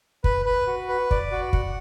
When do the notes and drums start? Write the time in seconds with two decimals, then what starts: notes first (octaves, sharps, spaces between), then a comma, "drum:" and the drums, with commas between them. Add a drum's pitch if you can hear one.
0.24 B4, drum: kick
0.45 B4
0.67 F#4
0.89 B4
1.11 D5, drum: kick
1.32 F#4
1.53 F#5, drum: kick